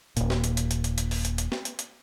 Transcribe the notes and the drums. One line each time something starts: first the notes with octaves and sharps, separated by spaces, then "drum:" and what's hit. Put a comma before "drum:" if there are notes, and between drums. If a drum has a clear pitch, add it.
D#1 A#2, drum: hi-hat
drum: snare
drum: hi-hat
drum: hi-hat
drum: hi-hat
drum: hi-hat
drum: hi-hat
drum: open hi-hat
drum: hi-hat
drum: hi-hat
drum: snare
drum: hi-hat
drum: hi-hat